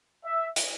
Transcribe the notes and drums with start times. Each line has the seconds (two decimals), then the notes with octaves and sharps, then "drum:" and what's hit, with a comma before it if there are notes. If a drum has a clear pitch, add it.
0.25 E5
0.56 drum: hi-hat